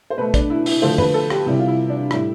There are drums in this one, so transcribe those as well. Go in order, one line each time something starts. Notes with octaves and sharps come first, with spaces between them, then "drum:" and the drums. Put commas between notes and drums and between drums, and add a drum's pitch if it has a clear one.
C5
B2 A3 B4
D4, drum: kick, hi-hat
E4
E4, drum: open hi-hat
D3 F3 A3 C5
B4, drum: tom
A4
G4, drum: rim click
C3 G3 E4
F4
E4
D4
A2 G3 E4, drum: rim click